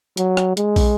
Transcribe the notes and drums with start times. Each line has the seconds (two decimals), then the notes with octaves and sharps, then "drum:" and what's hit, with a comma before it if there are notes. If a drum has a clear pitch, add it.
0.17 F#3, drum: hi-hat
0.37 drum: rim click
0.57 G#3, drum: hi-hat
0.76 drum: kick, open hi-hat